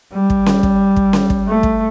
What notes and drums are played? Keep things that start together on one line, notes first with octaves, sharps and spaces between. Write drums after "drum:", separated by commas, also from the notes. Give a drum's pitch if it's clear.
G3
drum: kick
drum: snare C#4
drum: kick
drum: kick
drum: snare C#4
drum: kick
A3
drum: kick